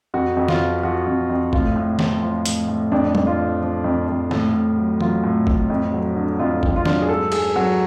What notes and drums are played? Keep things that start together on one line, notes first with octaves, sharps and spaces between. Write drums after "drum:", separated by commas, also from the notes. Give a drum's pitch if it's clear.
F2 F#4
F2
F4, drum: snare
F3
F3 F#4
F2
F2
A2 F4, drum: kick
A2
F3, drum: snare
F3
A2, drum: hi-hat
A2
F2 D4
F2, drum: tom
F4
F3
F3
F2
F2
A2, drum: snare
A2
F#3
F#3 F4, drum: tom E3
A2
A2, drum: kick
F2
F#3
D3
F2 F4
F2, drum: kick
F4
F#3 D4, drum: snare
G#4
G#2 A4
G#2 G#4, drum: cymbal
F#3 F#4